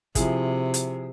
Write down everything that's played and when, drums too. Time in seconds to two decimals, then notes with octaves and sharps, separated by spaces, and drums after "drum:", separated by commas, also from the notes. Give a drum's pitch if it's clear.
0.15 C3 F3 E4 G#4, drum: kick, hi-hat
0.74 drum: hi-hat